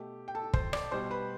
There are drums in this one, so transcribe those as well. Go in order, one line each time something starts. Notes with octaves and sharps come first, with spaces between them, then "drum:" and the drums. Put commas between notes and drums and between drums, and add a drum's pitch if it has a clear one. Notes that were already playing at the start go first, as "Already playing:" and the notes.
Already playing: B2 A3 G4
G5
A4 A5
C5 C6, drum: kick
D5 D6, drum: rim click
B2 G3 C5 C6
B4 B5